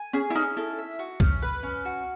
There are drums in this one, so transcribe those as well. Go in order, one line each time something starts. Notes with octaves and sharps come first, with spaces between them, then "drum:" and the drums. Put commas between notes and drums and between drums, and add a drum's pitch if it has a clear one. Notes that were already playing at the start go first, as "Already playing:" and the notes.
Already playing: G#5
C#4 G#4
E4
C#4 D#4
E4 A4
E5
F#4
C#4, drum: kick C2
B4
C#4
F#4